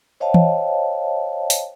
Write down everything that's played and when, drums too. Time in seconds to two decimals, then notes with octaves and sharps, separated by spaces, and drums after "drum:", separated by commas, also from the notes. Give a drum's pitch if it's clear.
0.20 C5 C#5 D#5 F5 G5 A5
0.34 drum: tom E3
1.50 drum: open hi-hat